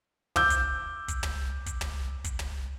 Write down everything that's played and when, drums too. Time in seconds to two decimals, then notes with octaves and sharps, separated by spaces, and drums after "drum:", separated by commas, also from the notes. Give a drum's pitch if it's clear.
0.36 D6 E6 G6, drum: tom
0.50 drum: kick, hi-hat
1.08 drum: kick, hi-hat
1.23 drum: tom
1.66 drum: kick, hi-hat
1.81 drum: tom
2.24 drum: kick, hi-hat
2.39 drum: tom